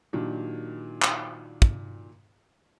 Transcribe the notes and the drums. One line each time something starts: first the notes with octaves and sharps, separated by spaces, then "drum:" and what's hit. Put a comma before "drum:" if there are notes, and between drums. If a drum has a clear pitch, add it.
A#2 D#3 F#3 D4 G4
drum: clap
drum: kick